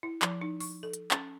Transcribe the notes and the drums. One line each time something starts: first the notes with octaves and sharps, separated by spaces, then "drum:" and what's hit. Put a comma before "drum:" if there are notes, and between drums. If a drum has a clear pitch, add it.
E4
F3, drum: clap
D#4
C#6, drum: open hi-hat
A4
drum: hi-hat
C#4, drum: clap